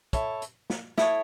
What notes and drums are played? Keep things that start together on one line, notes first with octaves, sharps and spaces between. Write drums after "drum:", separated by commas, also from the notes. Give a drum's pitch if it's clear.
E4 A4 C#5, drum: kick, hi-hat
drum: hi-hat
drum: snare
E4 A4 C#5 D#6, drum: snare